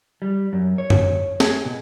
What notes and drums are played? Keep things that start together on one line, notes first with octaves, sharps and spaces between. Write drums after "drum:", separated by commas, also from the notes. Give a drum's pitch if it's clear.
G3
F#2
C#5
drum: tom F#2
G#4, drum: snare
B2